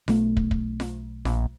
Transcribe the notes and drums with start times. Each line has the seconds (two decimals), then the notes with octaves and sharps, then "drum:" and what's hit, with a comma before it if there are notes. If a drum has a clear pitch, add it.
0.08 B1 A3, drum: snare F4
0.37 drum: kick
0.51 drum: kick
0.80 drum: snare F4
1.25 A#1, drum: snare F4